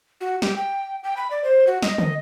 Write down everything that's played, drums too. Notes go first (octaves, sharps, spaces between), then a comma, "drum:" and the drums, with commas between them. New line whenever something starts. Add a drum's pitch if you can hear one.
F#4
G4, drum: snare
G5
G5
B5
D5
C5
F#4
D#5, drum: snare
D#5, drum: tom D3